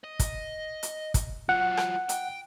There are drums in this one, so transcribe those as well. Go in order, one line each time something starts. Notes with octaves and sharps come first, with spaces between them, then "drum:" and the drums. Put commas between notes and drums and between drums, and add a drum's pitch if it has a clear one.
D#5
drum: kick, hi-hat
drum: hi-hat
drum: kick, hi-hat
F#3 F4 F#5
drum: rim click
G5, drum: hi-hat